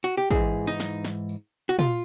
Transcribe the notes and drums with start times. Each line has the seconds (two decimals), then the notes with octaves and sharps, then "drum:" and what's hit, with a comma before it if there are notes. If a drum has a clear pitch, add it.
0.04 F#4
0.17 G4
0.31 G#2 E3 G#4, drum: kick, tambourine
0.67 D#4
0.80 drum: snare
1.05 drum: snare
1.29 drum: tambourine
1.69 F#4
1.79 F4, drum: tom